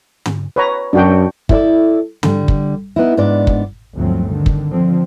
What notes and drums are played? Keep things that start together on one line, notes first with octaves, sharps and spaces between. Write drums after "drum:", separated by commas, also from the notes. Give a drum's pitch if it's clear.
drum: tom
B4 C#5 A#5
F#2 D4 F#4 G5
E4 A4 D5, drum: kick
D3 G3, drum: tom
drum: kick
B3 D#4 E4
G#2 B3 D4 D5
drum: kick
G1 D2 F3 F#3 A3 C4
D3 D#3
drum: kick
D3 F3 C4